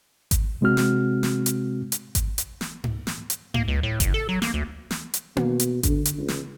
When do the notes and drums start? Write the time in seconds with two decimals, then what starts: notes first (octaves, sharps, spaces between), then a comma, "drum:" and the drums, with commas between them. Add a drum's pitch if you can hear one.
0.31 drum: kick G#1, hi-hat
0.61 C3 G#3 C4 F#4 F6
0.77 drum: snare
1.23 drum: snare
1.46 drum: hi-hat
1.92 drum: hi-hat
2.15 drum: kick G#1, hi-hat
2.38 drum: hi-hat
2.61 drum: snare
2.84 drum: tom G#2
3.07 drum: snare
3.30 drum: hi-hat
3.54 A#3, drum: tom G#2
3.68 C#2
3.83 A2
4.00 F#1, drum: kick G#1, hi-hat
4.14 A4
4.29 F#3
4.42 A#3, drum: snare
4.54 D2
4.91 drum: snare
5.14 drum: hi-hat
5.37 B2, drum: tom A#3
5.60 drum: hi-hat
5.83 D3, drum: kick G#1, hi-hat
6.05 drum: hi-hat
6.19 C#2
6.28 drum: snare